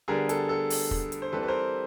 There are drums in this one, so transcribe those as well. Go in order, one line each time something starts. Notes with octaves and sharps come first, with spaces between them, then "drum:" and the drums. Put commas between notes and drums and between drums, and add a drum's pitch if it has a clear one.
D3 G3 B3 G#4 A#4
A4, drum: hi-hat
A4
drum: open hi-hat
drum: kick
drum: hi-hat
C5
E3 G3 C4 A4 B4
B4
A#4 C5